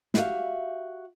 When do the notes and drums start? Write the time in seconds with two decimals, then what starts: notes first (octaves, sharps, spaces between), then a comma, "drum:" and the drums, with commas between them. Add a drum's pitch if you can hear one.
0.14 E4 F#4 G4 C#5 E5 F5, drum: snare